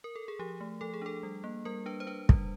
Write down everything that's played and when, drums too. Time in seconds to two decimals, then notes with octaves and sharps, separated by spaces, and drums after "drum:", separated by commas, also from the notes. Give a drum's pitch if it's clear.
0.04 A#4
0.16 A4
0.28 G#4
0.39 F3 G4
0.61 A3
0.81 F3 A4
0.94 G#4
1.02 D4 A4
1.23 G3
1.44 A#3
1.65 G3 A#4
1.86 D4 B4
2.00 C5
2.07 D4 B4
2.29 G3, drum: kick